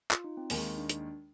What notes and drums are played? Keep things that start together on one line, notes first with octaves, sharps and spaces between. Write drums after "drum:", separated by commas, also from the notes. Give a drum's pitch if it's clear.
F4, drum: clap
D#4
C4
D#2 D#3 G#3 A#3, drum: open hi-hat
D4
drum: hi-hat